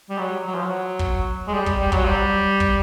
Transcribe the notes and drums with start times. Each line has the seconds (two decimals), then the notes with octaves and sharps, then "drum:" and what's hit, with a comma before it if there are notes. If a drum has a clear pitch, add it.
0.09 G3
0.18 F#3
0.46 F#3
0.55 F3
0.63 F#3
0.99 drum: kick
1.47 G#3
1.53 G3
1.66 drum: kick
1.80 G3
1.92 F#3, drum: kick
2.06 G3
2.60 drum: kick